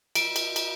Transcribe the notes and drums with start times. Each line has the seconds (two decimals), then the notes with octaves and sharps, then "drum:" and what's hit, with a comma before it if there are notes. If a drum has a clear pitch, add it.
0.15 D7, drum: cymbal
0.36 drum: cymbal
0.56 drum: cymbal